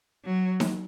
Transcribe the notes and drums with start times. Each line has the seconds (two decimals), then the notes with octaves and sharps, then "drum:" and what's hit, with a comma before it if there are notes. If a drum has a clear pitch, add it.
0.25 F#3
0.60 drum: snare D#4